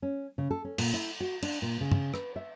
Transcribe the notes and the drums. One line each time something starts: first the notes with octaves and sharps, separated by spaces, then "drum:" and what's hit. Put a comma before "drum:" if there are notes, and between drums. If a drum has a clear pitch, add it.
C#4
C#3
A4
C#4
A#2, drum: cymbal
E4
F#4
D4, drum: cymbal
A#2
C#3
drum: tom
B4, drum: rim click
E5